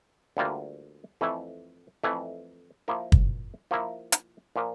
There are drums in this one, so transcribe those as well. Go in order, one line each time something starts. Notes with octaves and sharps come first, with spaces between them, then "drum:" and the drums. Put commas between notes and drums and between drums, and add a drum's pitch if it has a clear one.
D2 D3 G3 A#3 F4
F2 E3 A3 E4
F2 E3 A3 E4
F3 A#3 E4 A#4
drum: kick
F3 A#3 E4 A#4
drum: hi-hat
A#2 F3 A#3